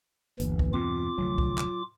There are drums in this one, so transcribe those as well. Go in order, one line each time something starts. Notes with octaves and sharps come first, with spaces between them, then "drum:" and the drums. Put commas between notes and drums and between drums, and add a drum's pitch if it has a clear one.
G1 D#2 E3, drum: hi-hat
drum: kick C2
E2 G2 B2 C4 F4 D6
F1 D2 F#3 A3
drum: kick C2
drum: clap